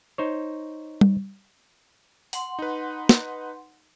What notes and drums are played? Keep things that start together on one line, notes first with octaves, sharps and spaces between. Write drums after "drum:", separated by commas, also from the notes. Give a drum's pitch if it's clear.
D#4 C5 C#5
drum: tom G3
F#5 C6, drum: open hi-hat
D#4 B4
drum: snare